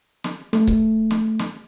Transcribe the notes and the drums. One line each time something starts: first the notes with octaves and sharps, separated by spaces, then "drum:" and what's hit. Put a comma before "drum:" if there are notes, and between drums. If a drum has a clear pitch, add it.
drum: snare
A3, drum: snare
drum: kick C#1
drum: snare
drum: snare